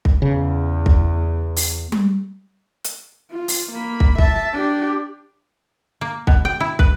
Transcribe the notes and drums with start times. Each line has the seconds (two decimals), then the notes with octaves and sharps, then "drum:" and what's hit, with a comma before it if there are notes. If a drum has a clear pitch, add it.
0.05 drum: kick
0.22 E2 C#3
0.86 drum: kick
1.56 drum: open hi-hat
1.92 drum: tom G3
2.85 drum: hi-hat
3.32 F4
3.48 drum: open hi-hat
3.72 A#3 B5
4.00 drum: kick
4.18 E5 A5, drum: kick
4.53 D4 G4
6.01 A#3
6.27 B2, drum: kick
6.45 G5
6.60 E4
6.79 B4, drum: kick